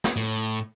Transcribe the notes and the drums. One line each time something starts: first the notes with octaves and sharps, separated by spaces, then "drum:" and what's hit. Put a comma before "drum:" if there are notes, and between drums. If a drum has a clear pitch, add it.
drum: snare
A2